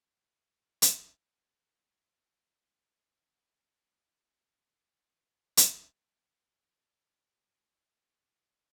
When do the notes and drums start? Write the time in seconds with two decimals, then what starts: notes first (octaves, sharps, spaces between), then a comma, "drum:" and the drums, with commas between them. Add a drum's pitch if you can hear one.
0.06 E4 C#5 F5
0.82 drum: hi-hat
2.89 D#2 G#3 A3 C4 F#5 A5
3.32 A1 D2 B5 C#6
5.57 drum: hi-hat
7.31 F5 A#5 D#6 E6 F#6 G6
7.65 G3 D4 F4 E5
7.78 G#5 E6
8.07 F#3